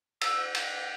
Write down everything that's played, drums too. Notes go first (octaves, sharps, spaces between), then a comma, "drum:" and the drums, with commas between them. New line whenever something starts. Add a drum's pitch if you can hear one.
E6, drum: cymbal
drum: cymbal